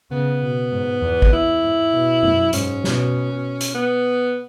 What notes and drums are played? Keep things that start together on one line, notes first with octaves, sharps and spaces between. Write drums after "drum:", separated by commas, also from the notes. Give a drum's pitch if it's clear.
C#3 B3
B2
G#2
E2
drum: kick G#1
E4
G#2
B2
F#2, drum: tom F#2
G#2 C#4, drum: hi-hat
B2, drum: snare
drum: hi-hat
B3